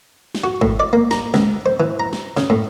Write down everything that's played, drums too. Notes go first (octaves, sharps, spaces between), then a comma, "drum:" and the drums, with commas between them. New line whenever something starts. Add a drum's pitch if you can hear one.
drum: snare
F#4
A2, drum: kick
D5
A#3
A#5, drum: snare
C#2, drum: snare
C5
E3
A#5
drum: snare
C#3, drum: snare
A2